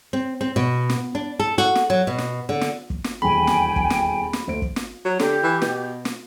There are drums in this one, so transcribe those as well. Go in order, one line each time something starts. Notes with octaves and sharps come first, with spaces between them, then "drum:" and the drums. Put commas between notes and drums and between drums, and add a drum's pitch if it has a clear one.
C4
C4
B2
drum: snare
D4
A4
F#4
drum: snare
F#3
B2
drum: snare
D3
drum: snare
drum: kick
drum: snare
D#1 E2 G5 G#5 B5
drum: snare
drum: kick
drum: snare
drum: snare
D2 C5 D7
drum: kick
drum: snare
F#3
D3 G4, drum: snare
E3
B2, drum: snare
drum: snare